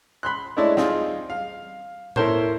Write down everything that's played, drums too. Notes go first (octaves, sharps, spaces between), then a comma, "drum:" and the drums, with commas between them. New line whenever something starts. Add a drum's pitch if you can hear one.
B5 C6 F#6
G#3 A3 D4 E4 C#5 D5
C4 D#4 F4 G#4, drum: snare
F5
A#3 E4 A4 A#4 C5 C#5, drum: tom A2